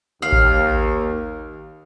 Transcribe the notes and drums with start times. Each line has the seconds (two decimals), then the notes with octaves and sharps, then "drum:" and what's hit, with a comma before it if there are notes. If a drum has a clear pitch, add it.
0.22 D#2 F5
0.32 drum: kick A1